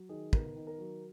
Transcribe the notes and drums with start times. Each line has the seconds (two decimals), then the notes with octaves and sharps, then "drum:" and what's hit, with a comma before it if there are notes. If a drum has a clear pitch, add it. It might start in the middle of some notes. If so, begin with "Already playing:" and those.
Already playing: F#3
0.09 D#3 G#4
0.33 B3 A#4, drum: kick
0.56 D#3
0.67 A#4
0.78 F#3